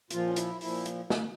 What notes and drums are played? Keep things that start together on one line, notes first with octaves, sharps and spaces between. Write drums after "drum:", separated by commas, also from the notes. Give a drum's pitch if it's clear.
A#2 F3 F4, drum: hi-hat
C#4
E4, drum: hi-hat
A#2 F3 E4, drum: open hi-hat
drum: hi-hat
drum: snare